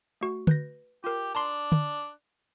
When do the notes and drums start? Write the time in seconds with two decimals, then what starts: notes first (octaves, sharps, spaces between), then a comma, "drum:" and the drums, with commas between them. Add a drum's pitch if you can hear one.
0.21 A3 F#4
0.47 B4 G6 A#6, drum: tom D3
1.04 F4 G4 A#4
1.35 D4 A5 A#5 C6
1.72 drum: tom D3